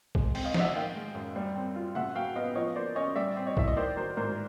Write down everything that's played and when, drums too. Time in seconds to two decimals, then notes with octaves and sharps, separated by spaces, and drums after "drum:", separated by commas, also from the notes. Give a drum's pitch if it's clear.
0.15 G#3, drum: kick
0.35 C4, drum: cymbal
0.44 D#5 F5
0.54 D#4, drum: snare
0.60 E5 F#5
0.75 D#3 F5 G5
0.95 G#3
1.15 F#2
1.36 G3
1.56 C4
1.76 F4
1.95 C#3 E5 F#5
2.15 F#3 F5 G5
2.36 B3 D#5 F5
2.55 F3 C#5 D#5
2.76 A#3 C5 D5
2.95 C#4 C#5 D#5
3.16 G3 D5 E5
3.36 C4
3.46 C#5 D#5
3.57 E4 E5, drum: kick
3.68 D#5
3.77 D#3 C5 D5
3.97 F#3 A#4 C5
4.17 G#2 A#4 C5